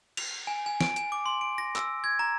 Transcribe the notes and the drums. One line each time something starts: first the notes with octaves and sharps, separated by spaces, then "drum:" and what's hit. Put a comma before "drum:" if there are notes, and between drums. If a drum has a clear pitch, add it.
F7, drum: cymbal
G#5
G#5
D7, drum: snare
G#5, drum: hi-hat
D6
C6
D7
A#6
E6, drum: clap
G#6
A#5